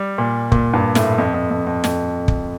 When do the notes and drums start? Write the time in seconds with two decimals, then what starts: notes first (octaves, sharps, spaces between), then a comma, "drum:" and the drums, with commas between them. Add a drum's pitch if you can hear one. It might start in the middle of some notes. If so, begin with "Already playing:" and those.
Already playing: G3
0.18 A#2
0.52 A#2, drum: kick
0.74 G2
0.95 A2, drum: snare
1.18 F2
1.34 F2
1.51 F2
1.67 F2
1.84 F2, drum: snare
2.28 drum: kick